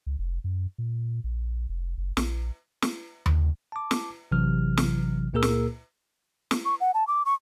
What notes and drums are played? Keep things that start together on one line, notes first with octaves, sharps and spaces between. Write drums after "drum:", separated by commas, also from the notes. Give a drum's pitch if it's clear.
C#2
F1
F#2
A#2
A#1
F1
F#1
A#1, drum: snare
drum: snare
drum: tom D#2
A5 D6
drum: snare
A1 C3 E3 F#3 F6
drum: snare
C#2 A#2 A#3 G#4 A#4 E6
drum: snare
drum: snare
C#6
F#5
A5
D6
C#6